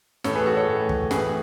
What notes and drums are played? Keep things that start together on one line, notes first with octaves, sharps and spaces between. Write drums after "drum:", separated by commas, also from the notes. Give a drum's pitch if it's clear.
A2 E3 A4 C#5, drum: snare
G#4 B4
F#4 A4
A4 C#5
A2 E3
drum: kick
A2 E3 G#4 B4, drum: snare